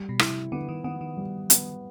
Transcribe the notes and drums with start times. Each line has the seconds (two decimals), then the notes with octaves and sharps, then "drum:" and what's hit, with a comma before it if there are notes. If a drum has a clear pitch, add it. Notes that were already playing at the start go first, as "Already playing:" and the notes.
Already playing: G3
0.09 B2
0.19 C3 E4, drum: rim click
0.52 D3 B3
0.69 D#3
0.84 D#3 B3
1.01 D#3
1.17 G3
1.50 B3, drum: hi-hat